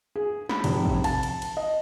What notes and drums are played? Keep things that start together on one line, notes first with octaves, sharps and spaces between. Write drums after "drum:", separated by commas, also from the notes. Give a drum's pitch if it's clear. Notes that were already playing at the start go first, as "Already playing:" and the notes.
G#4
B5, drum: snare
F1, drum: cymbal
drum: kick
A5, drum: cymbal
drum: cymbal
drum: cymbal
D#5